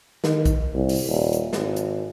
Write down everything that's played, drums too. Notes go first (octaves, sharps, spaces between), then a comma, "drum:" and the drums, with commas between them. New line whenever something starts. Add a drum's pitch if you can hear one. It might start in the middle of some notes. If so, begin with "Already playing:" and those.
D#3, drum: snare
drum: kick B1, hi-hat
C2
drum: open hi-hat
D#1
drum: hi-hat
G#1, drum: snare
drum: hi-hat